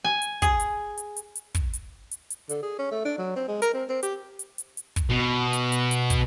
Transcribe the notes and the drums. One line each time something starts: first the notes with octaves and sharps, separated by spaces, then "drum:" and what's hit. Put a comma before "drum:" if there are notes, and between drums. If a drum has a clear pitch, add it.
G#5
drum: hi-hat
G#4, drum: kick, hi-hat
drum: hi-hat
drum: hi-hat
drum: hi-hat
drum: hi-hat
drum: kick, hi-hat
drum: hi-hat
drum: hi-hat
drum: hi-hat
D3, drum: hi-hat
G#4
C#4
A3
D4
F#3
C4
G#3
A#4, drum: hi-hat
C4
C4
G4, drum: hi-hat
drum: hi-hat
drum: hi-hat
drum: hi-hat
drum: kick, hi-hat
B2
drum: hi-hat
drum: hi-hat
drum: hi-hat
drum: kick, hi-hat